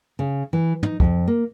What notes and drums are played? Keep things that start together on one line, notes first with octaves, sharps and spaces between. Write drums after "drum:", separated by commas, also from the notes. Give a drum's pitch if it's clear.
C#3
E3
D#4, drum: tom
F2, drum: kick
A#3